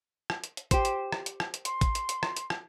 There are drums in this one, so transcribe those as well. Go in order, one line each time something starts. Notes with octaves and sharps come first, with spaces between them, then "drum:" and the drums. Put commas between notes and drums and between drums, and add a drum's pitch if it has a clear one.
drum: rim click
drum: hi-hat
drum: hi-hat
G4 C5, drum: kick, hi-hat
drum: hi-hat
drum: rim click
drum: hi-hat
drum: rim click
drum: hi-hat
C6, drum: hi-hat
drum: kick, hi-hat
drum: hi-hat
drum: hi-hat
drum: rim click
drum: hi-hat
drum: rim click